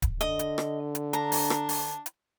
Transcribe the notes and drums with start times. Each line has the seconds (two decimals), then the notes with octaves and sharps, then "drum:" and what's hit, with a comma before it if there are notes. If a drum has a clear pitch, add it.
0.02 drum: kick D1, hi-hat
0.21 D3 D#5, drum: hi-hat
0.39 drum: hi-hat
0.58 drum: rim click
0.95 drum: hi-hat
1.13 D4 A#5, drum: hi-hat
1.32 drum: open hi-hat
1.50 drum: rim click
1.69 drum: open hi-hat
2.06 drum: hi-hat